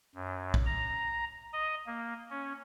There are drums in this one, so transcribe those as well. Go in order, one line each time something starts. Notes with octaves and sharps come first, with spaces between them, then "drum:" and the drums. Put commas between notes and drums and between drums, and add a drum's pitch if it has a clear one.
F#2
drum: kick A#1
A#5
D#5
A#3
C#4